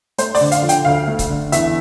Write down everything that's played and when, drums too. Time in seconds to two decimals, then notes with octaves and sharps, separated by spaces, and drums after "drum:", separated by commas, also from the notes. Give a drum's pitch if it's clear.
0.18 A3 C5, drum: hi-hat
0.35 D5, drum: open hi-hat
0.41 D3
0.52 F5, drum: hi-hat
0.62 F3
0.69 G5, drum: hi-hat
0.85 D2 F5
1.08 A3
1.19 drum: kick C#1, hi-hat
1.29 D3
1.52 E2 E5, drum: hi-hat